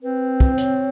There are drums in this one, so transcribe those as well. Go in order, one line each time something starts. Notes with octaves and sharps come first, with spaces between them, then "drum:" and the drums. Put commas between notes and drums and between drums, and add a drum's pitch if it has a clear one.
C4 B4
drum: kick
C5
C#5, drum: hi-hat